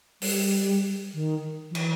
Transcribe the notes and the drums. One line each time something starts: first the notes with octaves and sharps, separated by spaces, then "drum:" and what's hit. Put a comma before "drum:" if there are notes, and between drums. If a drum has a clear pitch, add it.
G3, drum: open hi-hat
D#3
F3
E3, drum: cymbal